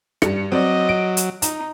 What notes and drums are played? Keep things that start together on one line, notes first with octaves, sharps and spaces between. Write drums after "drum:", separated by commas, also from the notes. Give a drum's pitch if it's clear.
G2 G3 C#7, drum: rim click
F#3 C4 D5 D#5
D7
drum: hi-hat
D#4 A#5, drum: hi-hat